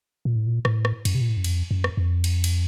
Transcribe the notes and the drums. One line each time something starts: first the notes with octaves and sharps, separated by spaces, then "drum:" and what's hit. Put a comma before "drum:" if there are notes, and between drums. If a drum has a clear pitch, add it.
A#2
A2
A#2
A2, drum: rim click
drum: rim click
F#2, drum: cymbal
C3
A#2
A2
F#2
F2, drum: cymbal
F#2
drum: rim click
F2
drum: cymbal
drum: cymbal